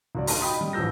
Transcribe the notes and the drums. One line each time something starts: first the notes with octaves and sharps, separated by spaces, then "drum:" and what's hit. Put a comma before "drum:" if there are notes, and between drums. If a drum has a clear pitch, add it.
C#2 F#4 D5
D#4 F#4 A5 A#5 C6, drum: open hi-hat
D#5 G5 B5 D#6
G3
A1 F3 E6 G6 A#6